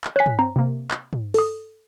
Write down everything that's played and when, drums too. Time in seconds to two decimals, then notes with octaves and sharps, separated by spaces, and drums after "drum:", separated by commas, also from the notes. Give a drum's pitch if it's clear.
0.04 drum: clap
0.16 C#5 G#5 F#6 B6
0.26 drum: tom
0.39 C4 A#5
0.56 C3 A#3
0.91 drum: clap
1.13 drum: tom
1.34 A4 D#6, drum: open hi-hat